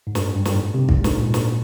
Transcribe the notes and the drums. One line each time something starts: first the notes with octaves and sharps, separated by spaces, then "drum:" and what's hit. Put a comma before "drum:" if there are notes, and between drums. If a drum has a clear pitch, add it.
G#2
G2, drum: snare
G2
G2, drum: snare
G#2
C3
G#2, drum: kick
G#2, drum: snare
A#2
drum: snare